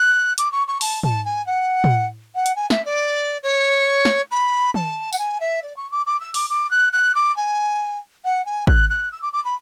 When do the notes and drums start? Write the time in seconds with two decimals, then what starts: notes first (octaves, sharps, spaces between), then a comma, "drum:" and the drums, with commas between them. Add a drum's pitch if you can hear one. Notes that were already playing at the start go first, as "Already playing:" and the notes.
Already playing: F#6
0.38 D6, drum: hi-hat
0.52 C#6
0.67 C#6
0.81 A5, drum: open hi-hat
1.03 A5, drum: tom
1.25 G#5
1.46 F#5
1.84 drum: tom
2.35 F#5
2.46 drum: hi-hat
2.55 G#5
2.70 E5, drum: snare
2.85 D5
3.43 C#5
4.05 drum: snare
4.31 B5
4.74 A5, drum: tom D#3
5.13 F#5, drum: tambourine
5.18 G#5
5.40 E5
5.62 D5
5.76 C#6
5.91 D6
6.06 D6
6.20 E6
6.34 D6, drum: open hi-hat
6.49 D6
6.70 F#6
6.92 F#6
7.15 D6
7.36 G#5
8.24 F#5
8.45 G#5
8.67 F#6, drum: kick A1
8.89 F#6
9.12 E6
9.22 D6
9.32 D6
9.44 B5